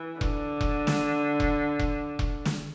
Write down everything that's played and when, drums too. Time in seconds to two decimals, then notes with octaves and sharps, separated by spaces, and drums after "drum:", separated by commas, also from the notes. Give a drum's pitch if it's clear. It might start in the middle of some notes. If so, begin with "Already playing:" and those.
Already playing: E3
0.21 D3, drum: kick E1
0.61 drum: kick E1
0.87 drum: snare
1.40 drum: kick E1
1.79 drum: kick E1
2.19 drum: kick E1
2.45 drum: snare